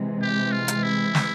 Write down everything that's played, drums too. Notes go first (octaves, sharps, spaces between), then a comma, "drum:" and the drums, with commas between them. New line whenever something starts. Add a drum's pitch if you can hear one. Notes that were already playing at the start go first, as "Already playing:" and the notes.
Already playing: C3 E3 G#3
G4
F4
drum: hi-hat
E4
drum: snare